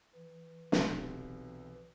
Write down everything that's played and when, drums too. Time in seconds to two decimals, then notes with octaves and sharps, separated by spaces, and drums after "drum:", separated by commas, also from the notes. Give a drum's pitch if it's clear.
0.15 E3
0.72 B1 C3, drum: snare